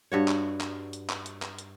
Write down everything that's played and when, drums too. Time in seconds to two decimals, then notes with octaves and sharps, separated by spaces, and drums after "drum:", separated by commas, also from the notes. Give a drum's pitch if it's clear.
0.12 G2 F#4 C#5
0.28 drum: clap
0.61 drum: clap
0.93 drum: hi-hat
1.10 drum: clap
1.26 drum: hi-hat
1.42 drum: clap
1.59 drum: hi-hat